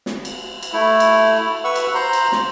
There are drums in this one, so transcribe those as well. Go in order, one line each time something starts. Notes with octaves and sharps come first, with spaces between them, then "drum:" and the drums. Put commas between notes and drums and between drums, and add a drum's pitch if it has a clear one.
drum: snare
drum: cymbal
drum: cymbal
A3 E4
drum: cymbal
B4 F#5 C#6 E6
drum: cymbal
C5 A#5 C6
drum: cymbal
drum: snare